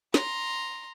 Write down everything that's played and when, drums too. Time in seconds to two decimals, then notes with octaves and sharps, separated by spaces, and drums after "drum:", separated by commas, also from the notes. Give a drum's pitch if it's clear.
0.14 A#5 C6, drum: snare